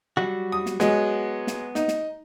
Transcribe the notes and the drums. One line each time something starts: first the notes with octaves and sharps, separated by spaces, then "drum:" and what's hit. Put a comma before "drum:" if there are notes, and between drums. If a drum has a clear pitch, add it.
F#3 G3 F#4
D#6
drum: snare
F#3 G#3 B3, drum: snare
drum: snare
D#4, drum: snare
drum: snare